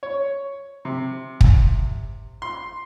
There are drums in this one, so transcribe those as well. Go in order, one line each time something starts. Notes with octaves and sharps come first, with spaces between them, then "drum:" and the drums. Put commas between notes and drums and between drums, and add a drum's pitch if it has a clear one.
C#5
C3
drum: kick
C6